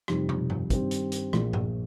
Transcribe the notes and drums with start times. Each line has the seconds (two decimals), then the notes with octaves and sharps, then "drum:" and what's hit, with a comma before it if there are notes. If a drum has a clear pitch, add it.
0.08 F2 C3 G3 D#4 G4, drum: rim click
0.29 drum: tom
0.50 drum: tom G2
0.70 G2 D#3 C4 G4, drum: kick, hi-hat
0.91 drum: hi-hat
1.12 drum: hi-hat
1.33 A#1 A#2 F3, drum: rim click
1.53 drum: tom G2